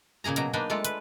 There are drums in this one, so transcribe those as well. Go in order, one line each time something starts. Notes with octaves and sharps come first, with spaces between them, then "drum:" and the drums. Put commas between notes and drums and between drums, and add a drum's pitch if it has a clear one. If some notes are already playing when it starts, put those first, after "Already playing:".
A#2 C#3 A#3 G#4 A#5
B2 F#3 A#3 A#5, drum: hi-hat
A#3 D4 D#4 B4
G#3 A3 F4 A4 D5
B4, drum: hi-hat